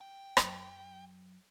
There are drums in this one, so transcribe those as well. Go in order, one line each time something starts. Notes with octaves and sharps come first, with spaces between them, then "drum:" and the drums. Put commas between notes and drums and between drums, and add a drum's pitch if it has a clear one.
G5
F#2 F#3, drum: rim click